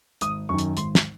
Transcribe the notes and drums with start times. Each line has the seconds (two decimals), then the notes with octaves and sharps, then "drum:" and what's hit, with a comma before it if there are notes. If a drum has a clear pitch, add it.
0.21 G#1 D#6, drum: hi-hat
0.49 F#2 D#3 C#6
0.58 drum: hi-hat
0.77 G#1 C6, drum: hi-hat
0.95 drum: snare